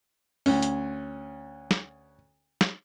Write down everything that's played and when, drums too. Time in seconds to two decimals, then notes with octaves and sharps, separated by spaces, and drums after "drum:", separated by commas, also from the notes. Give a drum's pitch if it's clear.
0.46 D2 C#4, drum: open hi-hat
0.62 drum: hi-hat
1.71 drum: snare
2.61 drum: snare